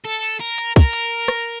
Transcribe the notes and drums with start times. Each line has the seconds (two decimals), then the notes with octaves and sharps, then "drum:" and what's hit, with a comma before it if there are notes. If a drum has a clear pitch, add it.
0.05 A4
0.23 drum: open hi-hat
0.41 A#4
0.58 drum: hi-hat
0.76 A#4, drum: kick
0.93 drum: hi-hat
1.28 drum: rim click